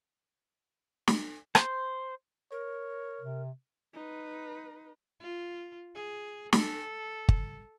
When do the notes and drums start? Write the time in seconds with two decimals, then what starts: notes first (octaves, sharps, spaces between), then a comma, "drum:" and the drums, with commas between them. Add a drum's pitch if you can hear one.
1.08 drum: snare
1.55 C5, drum: rim click
2.52 A#4 C#5
3.21 C3
3.94 D#4 B4
5.20 F4
5.95 G#4
6.53 A4, drum: snare
7.29 drum: kick G1